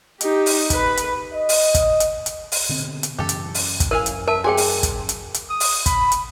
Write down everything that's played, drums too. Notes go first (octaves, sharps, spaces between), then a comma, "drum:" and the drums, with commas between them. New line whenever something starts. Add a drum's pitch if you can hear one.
D#4 G4, drum: hi-hat
drum: open hi-hat
B4 B5, drum: kick, hi-hat
drum: hi-hat
D#5
drum: open hi-hat
drum: kick, hi-hat
drum: hi-hat
drum: hi-hat
drum: open hi-hat
B2 D3 C4
drum: hi-hat
F#2 C#3 E3 G4 A4
drum: hi-hat
drum: open hi-hat
drum: kick, hi-hat
E4 A#4 F5 G#5
drum: hi-hat
A#4 E5 A5
A3 C4 F#4 G#4 G5 G#5
drum: open hi-hat
drum: kick, hi-hat
drum: hi-hat
drum: hi-hat
D#6
drum: open hi-hat
B5, drum: kick, hi-hat
drum: hi-hat